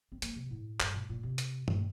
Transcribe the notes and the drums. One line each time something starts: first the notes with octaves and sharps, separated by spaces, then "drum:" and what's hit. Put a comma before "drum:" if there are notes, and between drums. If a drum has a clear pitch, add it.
C4
A#3, drum: hi-hat
C3
A2
G2, drum: clap
A#2
A#2
C3
drum: hi-hat
A#2, drum: tom G2